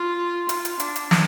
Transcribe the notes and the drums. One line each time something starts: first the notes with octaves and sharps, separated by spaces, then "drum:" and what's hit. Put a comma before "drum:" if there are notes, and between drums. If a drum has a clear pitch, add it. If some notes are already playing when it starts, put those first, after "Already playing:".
Already playing: F4
F4, drum: hi-hat
drum: hi-hat
D4, drum: hi-hat
drum: hi-hat
drum: snare